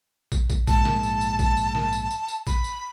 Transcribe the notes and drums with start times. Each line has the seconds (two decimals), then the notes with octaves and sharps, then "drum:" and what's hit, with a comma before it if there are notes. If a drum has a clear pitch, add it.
0.32 drum: kick, tambourine
0.50 drum: kick, tambourine
0.67 A#1 G#2 A5, drum: kick, tambourine
0.85 drum: snare
1.03 drum: tambourine
1.21 drum: tambourine
1.39 drum: kick, tambourine
1.57 drum: tambourine
1.75 drum: snare
1.93 drum: tambourine
2.10 drum: tambourine
2.28 drum: tambourine
2.47 B5, drum: kick, tambourine
2.64 drum: tambourine